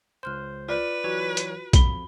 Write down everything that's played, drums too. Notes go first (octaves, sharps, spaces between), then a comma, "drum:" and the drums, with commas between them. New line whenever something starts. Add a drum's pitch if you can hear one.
C#2 C5 C6 F6 F#6
F4 B4 D5
E3 F#3 F#4 C#5
drum: hi-hat
F2 B5 G7, drum: kick B1, hi-hat